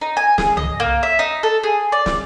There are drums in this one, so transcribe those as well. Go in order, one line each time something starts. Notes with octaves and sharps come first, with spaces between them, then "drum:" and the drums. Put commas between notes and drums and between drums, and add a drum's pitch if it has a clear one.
D#4
G#5
G#4, drum: snare
D#5, drum: tom C2
A#3
E5
D#4
A4
G#4
D5
drum: snare